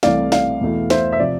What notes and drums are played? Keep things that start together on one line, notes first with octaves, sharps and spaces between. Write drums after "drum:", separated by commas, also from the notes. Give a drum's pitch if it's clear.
C2 C3 E3 A3 D5 F5, drum: snare
D5 F5, drum: snare
E2 B2 A3 E4
C5 E5, drum: snare
E5
C3 F3 D5